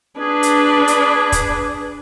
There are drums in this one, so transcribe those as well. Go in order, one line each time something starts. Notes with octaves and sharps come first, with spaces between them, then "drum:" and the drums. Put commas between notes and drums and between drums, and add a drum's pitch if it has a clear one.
D4 G#4 B4
drum: hi-hat
drum: hi-hat
drum: kick, hi-hat